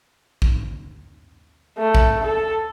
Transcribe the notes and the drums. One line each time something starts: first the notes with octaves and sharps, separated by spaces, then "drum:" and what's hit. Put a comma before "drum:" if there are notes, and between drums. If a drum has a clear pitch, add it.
drum: kick
A3
drum: kick
A4